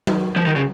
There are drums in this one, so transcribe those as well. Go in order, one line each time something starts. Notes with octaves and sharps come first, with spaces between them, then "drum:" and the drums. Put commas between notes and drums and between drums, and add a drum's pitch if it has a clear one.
drum: tom F#3
F3
D#3
C#3